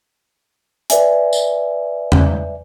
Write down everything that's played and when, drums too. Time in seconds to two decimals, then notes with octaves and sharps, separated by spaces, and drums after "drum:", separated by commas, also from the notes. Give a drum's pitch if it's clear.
0.90 B4 D5 E5 G#5, drum: hi-hat
1.33 drum: tambourine
2.12 drum: tom E2